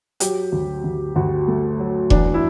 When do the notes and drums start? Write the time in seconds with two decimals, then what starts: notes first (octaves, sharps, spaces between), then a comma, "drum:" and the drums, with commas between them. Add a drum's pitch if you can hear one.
0.20 F#3 G4, drum: hi-hat
0.52 D2
0.84 D2
1.16 D2 F#4
1.48 A3
1.80 F#3
2.10 E2 D4, drum: kick E1
2.34 E4